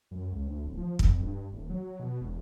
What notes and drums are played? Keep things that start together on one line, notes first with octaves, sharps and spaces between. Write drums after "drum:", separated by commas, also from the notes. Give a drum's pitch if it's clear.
F#2
C#2
D2
D1
F3
F2, drum: kick
G2
D#1
F#3
B2
E1